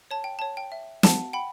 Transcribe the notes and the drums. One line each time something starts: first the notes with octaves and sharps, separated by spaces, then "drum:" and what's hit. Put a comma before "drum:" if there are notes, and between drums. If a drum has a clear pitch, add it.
C#5 A5
G5
C#5 A5
G5
E5
F#5 A5, drum: snare
F#5 G5 B5